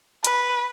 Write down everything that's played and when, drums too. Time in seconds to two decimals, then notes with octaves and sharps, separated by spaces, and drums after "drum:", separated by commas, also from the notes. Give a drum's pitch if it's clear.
0.24 B4, drum: hi-hat